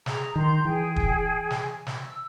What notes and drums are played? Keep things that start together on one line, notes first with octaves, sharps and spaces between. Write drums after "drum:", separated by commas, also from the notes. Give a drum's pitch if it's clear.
G#4 A#5, drum: snare
D#3 A#5 C6 G6
E3 G#4 G5 G#5
drum: kick
drum: snare
drum: snare
E6